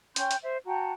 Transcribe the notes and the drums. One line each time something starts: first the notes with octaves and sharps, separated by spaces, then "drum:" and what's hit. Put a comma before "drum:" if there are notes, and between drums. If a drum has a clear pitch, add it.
C#4 G5 C6 G6, drum: hi-hat
drum: hi-hat
C5 E5
F#4 G5 A5 A#5